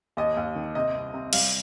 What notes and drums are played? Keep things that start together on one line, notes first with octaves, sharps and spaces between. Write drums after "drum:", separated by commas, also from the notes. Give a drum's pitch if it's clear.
D#2 D#5
D#2
D#3
C3 D#5
C2
C3
G3 F5, drum: cymbal